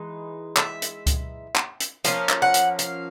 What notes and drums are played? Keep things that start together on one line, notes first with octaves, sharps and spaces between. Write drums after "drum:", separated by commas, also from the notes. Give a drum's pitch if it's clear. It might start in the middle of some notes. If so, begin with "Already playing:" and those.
Already playing: E3 G#3 D#4
E5, drum: clap
drum: hi-hat
drum: kick C#2, hi-hat
drum: clap
drum: hi-hat
F3 A#3 C#4 F5, drum: hi-hat
drum: clap
F#5
drum: hi-hat
F5, drum: hi-hat